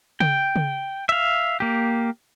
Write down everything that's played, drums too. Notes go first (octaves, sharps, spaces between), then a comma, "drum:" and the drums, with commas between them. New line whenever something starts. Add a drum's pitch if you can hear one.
G5, drum: tom C#3
drum: tom C#3
E5 F5
A#3 G4